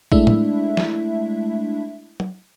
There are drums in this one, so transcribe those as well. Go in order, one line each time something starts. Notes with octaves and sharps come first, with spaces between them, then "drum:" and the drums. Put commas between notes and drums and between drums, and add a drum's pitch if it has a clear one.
G#3 A3 D4 E4 E5, drum: kick
drum: tom A2
drum: snare
drum: tom